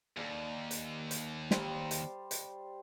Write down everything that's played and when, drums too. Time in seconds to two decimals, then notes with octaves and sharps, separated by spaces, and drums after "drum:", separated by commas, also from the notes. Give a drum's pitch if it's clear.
0.17 D#2 A4 D5 G#5
0.71 drum: hi-hat
1.11 drum: hi-hat
1.51 G3 C5 A5, drum: snare
1.91 drum: hi-hat
2.31 drum: hi-hat